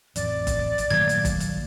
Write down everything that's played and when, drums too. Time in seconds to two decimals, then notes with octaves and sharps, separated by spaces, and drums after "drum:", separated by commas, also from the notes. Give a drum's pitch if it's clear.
0.16 A1 F2 D5, drum: hi-hat
0.47 drum: kick G1, hi-hat
0.78 drum: hi-hat
0.90 G2 A#2 D#3 F#3 A3 A#3 G#6
1.09 drum: hi-hat
1.25 drum: kick G1, hi-hat
1.40 drum: hi-hat